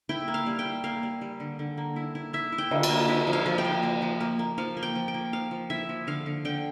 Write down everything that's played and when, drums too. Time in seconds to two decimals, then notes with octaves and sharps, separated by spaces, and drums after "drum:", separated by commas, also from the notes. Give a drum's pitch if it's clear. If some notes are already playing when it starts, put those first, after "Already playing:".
0.09 E4 G5
0.28 A#3
0.34 F5
0.46 G3
0.59 G5
0.65 E4
0.84 A#3 F5
1.03 G3
1.21 G3
1.40 D3
1.59 D3
1.77 A#3
1.96 E4
2.15 E4
2.33 E4 E5
2.52 E4
2.58 G5
2.71 D3, drum: cymbal
2.83 A5, drum: cymbal
2.89 A#3
3.08 E4
3.27 F3
3.33 F5
3.46 F3
3.58 G5
3.65 A#3
3.83 A#3
4.02 F3
4.21 A#3
4.39 A#3
4.58 F3 F5
4.77 A#3
4.83 G5
4.95 F3
5.08 G5
5.14 A#3
5.33 F3 F5
5.51 F3
5.70 E4 E5
5.89 F3
6.07 D3 F5
6.26 D3
6.45 D3 G5